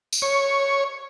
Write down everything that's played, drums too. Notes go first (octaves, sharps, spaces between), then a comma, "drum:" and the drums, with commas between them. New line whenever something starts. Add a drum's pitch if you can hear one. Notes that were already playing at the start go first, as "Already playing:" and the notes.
drum: tambourine
C#5